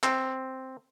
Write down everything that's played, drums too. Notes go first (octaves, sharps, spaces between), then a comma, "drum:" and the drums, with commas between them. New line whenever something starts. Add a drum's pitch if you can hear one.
C4, drum: clap